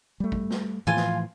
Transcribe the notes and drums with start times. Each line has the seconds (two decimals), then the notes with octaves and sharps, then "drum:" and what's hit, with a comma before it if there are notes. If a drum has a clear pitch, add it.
0.20 G3 A3
0.32 drum: kick
0.50 drum: snare
0.87 A2 E3 F3 F4 G#5
0.97 drum: snare